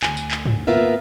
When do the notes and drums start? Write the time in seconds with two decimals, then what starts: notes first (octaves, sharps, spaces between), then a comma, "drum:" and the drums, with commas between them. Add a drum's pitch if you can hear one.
0.03 D2 G#5, drum: clap
0.17 drum: tambourine
0.31 drum: clap
0.46 drum: tom G2
0.67 A#3 B3 F4 A#4 E5 F5